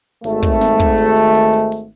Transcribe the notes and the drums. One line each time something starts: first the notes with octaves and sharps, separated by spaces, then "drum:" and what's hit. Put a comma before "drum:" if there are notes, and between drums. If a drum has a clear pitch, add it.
G#1 A3, drum: hi-hat
drum: kick, hi-hat
drum: snare
drum: kick, hi-hat
drum: hi-hat
drum: hi-hat
drum: hi-hat
drum: hi-hat
drum: hi-hat